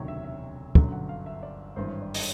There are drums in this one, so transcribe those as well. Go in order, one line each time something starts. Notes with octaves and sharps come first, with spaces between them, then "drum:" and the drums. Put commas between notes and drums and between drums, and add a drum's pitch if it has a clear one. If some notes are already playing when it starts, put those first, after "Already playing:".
Already playing: E1 D2 C3 D#3 F#3 C#5
E5
E5
G1 F#2 D3 F#3, drum: kick
F#5
F5
E5
D5
G#1 G2 E3 C5
C#5
D5
D#5, drum: open hi-hat